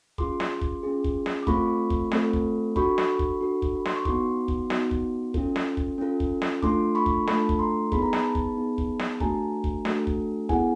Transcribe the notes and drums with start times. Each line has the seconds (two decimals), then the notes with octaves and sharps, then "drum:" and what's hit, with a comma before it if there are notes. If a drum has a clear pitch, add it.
0.18 C#4 F4 G#4 C6 D6, drum: kick
0.40 drum: snare
0.61 drum: kick
0.83 C#4 F4 G#4
1.04 drum: kick
1.26 drum: snare
1.43 D6
1.47 A3 C4 F4 A4 B5 C#6, drum: kick
1.90 drum: kick
2.12 A3 C4 F4 A4, drum: snare
2.33 drum: kick
2.76 D4 F#4 A4 B5 C#6, drum: kick
2.98 drum: snare
3.19 drum: kick
3.41 D4 F#4 A4
3.62 drum: kick
3.75 B5
3.86 C6, drum: snare
3.95 C#6
4.05 B3 D#4 F#4 C6 D6, drum: kick
4.48 drum: kick
4.70 B3 D#4 F#4, drum: snare
4.91 drum: kick
5.34 C#4 F4 A4, drum: kick
5.56 drum: snare
5.77 drum: kick
5.98 C#4 F4 A4
6.20 drum: kick
6.42 drum: snare
6.62 A3 D4 F4 A4 C6 D6, drum: kick
6.95 B5 C#6
7.06 drum: kick
7.27 A3 D4 F4 A4 A5 B5, drum: snare
7.49 drum: kick
7.59 A#5 C6
7.92 B3 D#4 G#4 B5, drum: kick
8.02 A#5
8.13 A5 B5, drum: snare
8.35 drum: kick
8.57 B3 D#4 G#4
8.78 drum: kick
8.99 drum: snare
9.15 A5
9.20 A3 D4 F#4 A4 G#5 A#5, drum: kick
9.64 drum: kick
9.85 A3 D4 F#4 A4, drum: snare
10.07 drum: kick
10.49 B3 E4 G#4 F#5 G#5, drum: kick